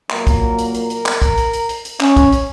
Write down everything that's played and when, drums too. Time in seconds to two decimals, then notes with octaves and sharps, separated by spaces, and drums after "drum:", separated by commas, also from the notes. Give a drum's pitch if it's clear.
0.10 A#2 F#3 A#3 A#4, drum: clap
0.27 drum: kick, hi-hat
0.58 drum: hi-hat
0.74 A#4, drum: hi-hat
0.90 drum: hi-hat
1.06 drum: clap
1.22 drum: kick, hi-hat
1.37 drum: hi-hat
1.53 drum: hi-hat
1.69 drum: hi-hat
1.85 drum: hi-hat
2.00 C#4, drum: clap
2.16 drum: kick, hi-hat
2.32 drum: hi-hat